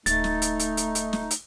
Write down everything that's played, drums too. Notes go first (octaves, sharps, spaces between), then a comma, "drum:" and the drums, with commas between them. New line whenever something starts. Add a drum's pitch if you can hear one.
D1 A3 D#4 A6, drum: hi-hat
drum: snare
drum: hi-hat
drum: hi-hat
drum: hi-hat
drum: hi-hat
drum: snare
drum: hi-hat